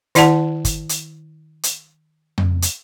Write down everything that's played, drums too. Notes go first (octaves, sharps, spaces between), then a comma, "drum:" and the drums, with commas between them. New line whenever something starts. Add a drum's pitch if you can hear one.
D#3 E4 D5 F#5 A5, drum: hi-hat
drum: kick, hi-hat
drum: hi-hat
drum: hi-hat
drum: tom F2
drum: hi-hat